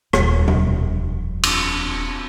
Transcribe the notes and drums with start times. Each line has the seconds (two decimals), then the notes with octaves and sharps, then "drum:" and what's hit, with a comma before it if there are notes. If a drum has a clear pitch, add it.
0.13 D#1 F2, drum: rim click
0.48 drum: tom B2
1.43 drum: cymbal